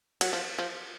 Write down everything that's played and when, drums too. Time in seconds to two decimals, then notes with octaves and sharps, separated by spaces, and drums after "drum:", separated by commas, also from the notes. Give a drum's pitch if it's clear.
0.21 F#3, drum: cymbal
0.33 F3
0.59 F3